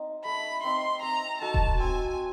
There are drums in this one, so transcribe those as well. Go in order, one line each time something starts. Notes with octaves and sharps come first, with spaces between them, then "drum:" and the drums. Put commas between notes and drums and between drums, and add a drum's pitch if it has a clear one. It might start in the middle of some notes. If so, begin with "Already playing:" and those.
Already playing: C4 D#4
A3 B5
C4 D#4 C6
C4 A#5
D#4 F#4 A4 A5
drum: kick D#1
C4 G#5